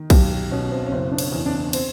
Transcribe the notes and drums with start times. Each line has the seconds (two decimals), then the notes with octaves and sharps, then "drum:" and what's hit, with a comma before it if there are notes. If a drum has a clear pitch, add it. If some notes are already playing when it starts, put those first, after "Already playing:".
Already playing: D#3
0.10 B1 G4, drum: kick B1, cymbal
0.31 G4
0.51 B2 C#4
0.71 C4
0.86 C#4
0.92 F#1 C4
1.12 D4
1.18 C#4, drum: cymbal
1.32 E2
1.46 D4
1.73 C4, drum: cymbal